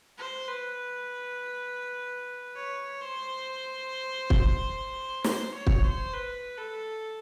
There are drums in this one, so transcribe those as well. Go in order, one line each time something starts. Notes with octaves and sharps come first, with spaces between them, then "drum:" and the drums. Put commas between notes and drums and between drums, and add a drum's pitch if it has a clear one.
C5
B4
C#5
C5
drum: kick
C5, drum: snare
C#5
drum: kick
C5
B4
A4